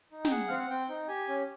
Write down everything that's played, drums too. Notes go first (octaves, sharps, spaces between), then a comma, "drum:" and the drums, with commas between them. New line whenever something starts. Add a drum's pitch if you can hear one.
D#4
G5, drum: snare
G#4 F#5
C4 F5
F#5
C4 G5
D#4
G4 G#5
C#4